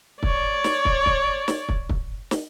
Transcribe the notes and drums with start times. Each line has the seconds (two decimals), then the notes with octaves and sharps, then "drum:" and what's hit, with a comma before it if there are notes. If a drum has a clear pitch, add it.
0.23 C#5 D5, drum: kick
0.64 drum: snare
0.85 drum: kick
1.06 drum: kick
1.48 drum: snare
1.69 drum: kick
1.89 drum: kick
2.31 drum: snare